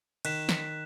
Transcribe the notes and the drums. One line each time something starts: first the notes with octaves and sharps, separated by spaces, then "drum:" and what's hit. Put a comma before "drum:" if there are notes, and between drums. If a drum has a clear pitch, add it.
D#3 F#6 B6 E7, drum: cymbal
drum: snare